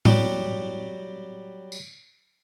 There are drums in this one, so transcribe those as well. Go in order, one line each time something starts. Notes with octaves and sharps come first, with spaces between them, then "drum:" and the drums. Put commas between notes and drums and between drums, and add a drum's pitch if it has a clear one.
F#3 G3 F#4 G4, drum: tom A2
drum: tambourine